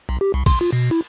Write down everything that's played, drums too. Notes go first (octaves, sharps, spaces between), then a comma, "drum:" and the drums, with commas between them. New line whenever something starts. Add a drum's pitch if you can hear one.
B1
G4
C2
C6, drum: kick, cymbal
F4
B2
E4